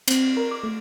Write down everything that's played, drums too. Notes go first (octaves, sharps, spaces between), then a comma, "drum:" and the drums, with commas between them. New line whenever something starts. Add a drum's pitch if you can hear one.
C4, drum: cymbal
A#4
D6
A3